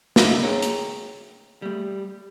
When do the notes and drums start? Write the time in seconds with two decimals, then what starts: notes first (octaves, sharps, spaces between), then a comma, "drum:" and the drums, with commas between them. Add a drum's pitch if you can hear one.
0.16 C#2 D4 A4 D#5, drum: snare
0.42 G#4 C#5 G5 A#5
0.62 drum: hi-hat
1.62 G3 A3